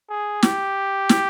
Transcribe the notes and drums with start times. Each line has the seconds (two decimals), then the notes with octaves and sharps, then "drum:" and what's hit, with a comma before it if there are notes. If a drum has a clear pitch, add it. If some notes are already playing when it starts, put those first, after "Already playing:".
0.10 G#4
0.43 G4, drum: snare
1.09 drum: snare